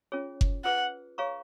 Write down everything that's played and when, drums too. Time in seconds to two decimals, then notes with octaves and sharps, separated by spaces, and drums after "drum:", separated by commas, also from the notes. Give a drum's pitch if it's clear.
0.12 C#4 F4 G#4 C#5
0.41 drum: kick F#1
0.64 F4 G#4 B4 F#5
1.18 G#4 C#5 F5 A#5 C#6